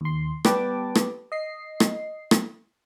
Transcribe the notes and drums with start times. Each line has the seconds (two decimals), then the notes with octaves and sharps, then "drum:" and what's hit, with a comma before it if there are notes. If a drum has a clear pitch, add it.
0.01 D#2 C6
0.45 G3 B3 G4 B4 A5 D6, drum: rim click
0.95 drum: rim click
1.32 D#5 C7
1.80 drum: rim click
2.31 drum: rim click